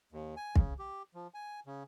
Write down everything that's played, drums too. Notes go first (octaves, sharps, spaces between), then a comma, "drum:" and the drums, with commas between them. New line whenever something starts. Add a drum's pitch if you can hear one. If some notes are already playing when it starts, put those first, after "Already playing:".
D#2
G#5
C#3, drum: kick
G4
F3
G#5
C#3